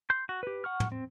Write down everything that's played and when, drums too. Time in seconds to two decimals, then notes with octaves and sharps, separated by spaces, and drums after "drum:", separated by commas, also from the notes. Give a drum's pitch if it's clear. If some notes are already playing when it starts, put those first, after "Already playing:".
0.10 C6 G6
0.29 F#4
0.43 G4 B4
0.64 F#5 C#6 F6
0.80 drum: tom
0.92 C4